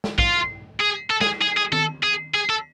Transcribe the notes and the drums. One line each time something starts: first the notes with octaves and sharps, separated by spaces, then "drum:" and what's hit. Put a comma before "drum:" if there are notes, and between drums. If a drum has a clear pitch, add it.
drum: snare
F4, drum: kick
G#4
A4
G#4, drum: snare
G#4
G#4
A4, drum: tom D#3
G#4
G#4
A4